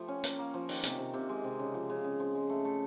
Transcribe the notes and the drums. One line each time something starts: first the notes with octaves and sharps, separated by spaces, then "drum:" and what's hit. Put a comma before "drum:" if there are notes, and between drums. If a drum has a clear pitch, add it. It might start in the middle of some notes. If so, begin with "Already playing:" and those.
Already playing: F3 A3 G4
C#4
A#3, drum: hi-hat
A#3
F3
D#3, drum: open hi-hat
C3, drum: hi-hat
C3
C3
G#3
C3
C#3
F3
C#3
C#3
F3
G#3
A3
A3